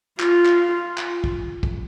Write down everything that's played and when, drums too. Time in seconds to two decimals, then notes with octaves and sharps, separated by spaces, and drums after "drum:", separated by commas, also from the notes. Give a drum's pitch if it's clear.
0.20 F4, drum: clap
0.45 drum: clap
0.98 drum: clap
1.24 drum: kick
1.63 drum: kick